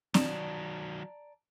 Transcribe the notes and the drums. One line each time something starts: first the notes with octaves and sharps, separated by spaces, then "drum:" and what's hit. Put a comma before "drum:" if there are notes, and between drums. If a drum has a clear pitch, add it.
D#3 F#3 D5 A5 A#5, drum: snare C4